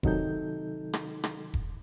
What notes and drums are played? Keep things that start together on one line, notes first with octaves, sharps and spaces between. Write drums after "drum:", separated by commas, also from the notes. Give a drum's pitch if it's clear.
C3 D#3 F#3 D#4 A4 G6, drum: kick E1
drum: rim click
drum: rim click
drum: kick E1